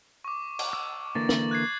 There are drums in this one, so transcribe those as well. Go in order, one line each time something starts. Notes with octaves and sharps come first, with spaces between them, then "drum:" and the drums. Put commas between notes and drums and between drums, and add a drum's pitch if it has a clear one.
C#6 D6
drum: cymbal
E6
D3 E3 A#3 A6
F#7, drum: snare
F#6 G#6 C7